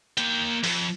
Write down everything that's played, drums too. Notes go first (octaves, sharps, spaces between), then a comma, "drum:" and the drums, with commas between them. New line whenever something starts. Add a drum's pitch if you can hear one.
A#3 G5, drum: hi-hat
F2, drum: open hi-hat